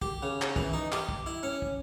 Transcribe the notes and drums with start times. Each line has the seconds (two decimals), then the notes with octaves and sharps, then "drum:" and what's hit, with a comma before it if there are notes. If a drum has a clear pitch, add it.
0.02 G4, drum: kick
0.22 C#3
0.42 drum: clap
0.56 E3, drum: kick
0.73 D#4
0.92 G4, drum: clap
1.09 drum: kick
1.26 E4
1.43 C#4
1.62 drum: kick